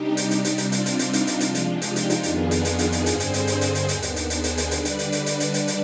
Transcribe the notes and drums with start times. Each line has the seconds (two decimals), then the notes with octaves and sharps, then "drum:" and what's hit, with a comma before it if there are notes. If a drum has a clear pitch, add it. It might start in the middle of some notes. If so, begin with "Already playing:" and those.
Already playing: C3 G3 D4 D#4 G4
0.17 drum: hi-hat
0.31 drum: hi-hat
0.45 drum: hi-hat
0.58 C3 G3 C4 D4 F4, drum: hi-hat
0.72 drum: hi-hat
0.86 drum: hi-hat
0.99 D#4, drum: hi-hat
1.13 drum: hi-hat
1.27 drum: hi-hat
1.40 C3 F3 G#3 D4 F4, drum: hi-hat
1.55 drum: hi-hat
1.82 D#4 G4, drum: hi-hat
1.96 drum: hi-hat
2.10 drum: hi-hat
2.23 F2 D#3 B3 D4 F4 G#4, drum: hi-hat
2.51 drum: hi-hat
2.65 drum: hi-hat
2.79 drum: hi-hat
2.92 drum: hi-hat
3.06 G2 D3 G3 C4 G#4 C5, drum: hi-hat
3.20 drum: hi-hat
3.34 drum: hi-hat
3.47 drum: hi-hat
3.61 drum: hi-hat
3.75 drum: hi-hat
3.89 D#2 D#3 B3 D4, drum: hi-hat
4.02 drum: hi-hat
4.16 drum: hi-hat
4.30 G#4 C5, drum: hi-hat
4.44 drum: hi-hat
4.58 drum: hi-hat
4.71 D3 G3 D4 B4 D5, drum: hi-hat
4.85 drum: hi-hat
4.99 drum: hi-hat
5.12 B4 D5, drum: hi-hat
5.26 drum: hi-hat
5.40 drum: hi-hat
5.54 drum: hi-hat
5.68 drum: hi-hat